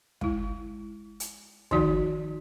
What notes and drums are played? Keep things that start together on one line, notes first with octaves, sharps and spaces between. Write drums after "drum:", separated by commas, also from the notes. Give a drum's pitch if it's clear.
G#3 E4, drum: kick
drum: hi-hat
D#3 F3 D#4 F#4 D5, drum: kick